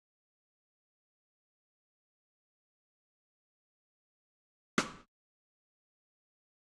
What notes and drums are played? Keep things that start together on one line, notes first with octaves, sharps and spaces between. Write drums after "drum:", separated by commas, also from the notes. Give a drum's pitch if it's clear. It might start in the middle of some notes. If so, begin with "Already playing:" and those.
Already playing: G6
D#7 G7
C6
A#6 D7
A5 G6 A#6
G6
A5
A6
A6
F6 G6 A#6
A#5
C6
F6
C7
C6 G6 A#6
C6 A6 C7
D6 C7 D#7
D#7 G7
D6
D7 F7
A#5 D7 F7
D7 F7
D#6
C7 D#7
D#6
drum: rim click